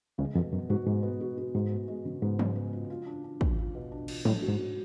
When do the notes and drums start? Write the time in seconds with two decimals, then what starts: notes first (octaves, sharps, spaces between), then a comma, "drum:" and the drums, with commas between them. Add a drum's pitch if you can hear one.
0.18 C#2 C#3 G#3
0.35 F2 B2
0.52 F#2 B3
0.70 G#2 F#4
0.86 G#2 G#3
1.03 B3
1.20 F#4
1.37 F#4
1.55 G#2 G#3
1.72 B3
1.88 G#3
2.05 C#3
2.22 G#2 B3
2.39 C#3, drum: tom F3
2.56 B3
2.73 F4
2.90 F4
3.06 D4
3.24 D4
3.41 F4, drum: kick
3.58 F4
3.75 B2
3.92 D4
4.08 F4, drum: cymbal
4.25 A2 D4, drum: tom F3
4.42 F#4
4.48 G#2
4.59 F#4